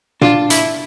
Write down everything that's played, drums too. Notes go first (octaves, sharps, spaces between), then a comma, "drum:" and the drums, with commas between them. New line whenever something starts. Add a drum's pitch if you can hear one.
D4 F4, drum: tom
E4, drum: hi-hat